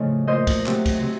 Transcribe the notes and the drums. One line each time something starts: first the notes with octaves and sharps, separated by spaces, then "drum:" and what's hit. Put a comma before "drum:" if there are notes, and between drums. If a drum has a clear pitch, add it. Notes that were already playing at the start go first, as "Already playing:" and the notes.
Already playing: A2 C#3 F3 A3 D#4 C#5 D#5
A#2 A3 C5 D#5
drum: kick, cymbal
C3 F#3 A3, drum: clap
drum: kick, cymbal
C3